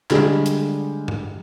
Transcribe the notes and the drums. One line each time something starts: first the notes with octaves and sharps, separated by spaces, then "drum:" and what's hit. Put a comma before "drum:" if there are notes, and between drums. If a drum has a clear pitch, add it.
D3 G3 G#3, drum: clap
drum: hi-hat
drum: tom G#2